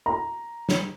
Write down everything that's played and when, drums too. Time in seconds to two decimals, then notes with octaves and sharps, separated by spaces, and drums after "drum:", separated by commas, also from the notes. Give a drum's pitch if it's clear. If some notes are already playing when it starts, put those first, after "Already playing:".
0.06 A#5
0.69 drum: snare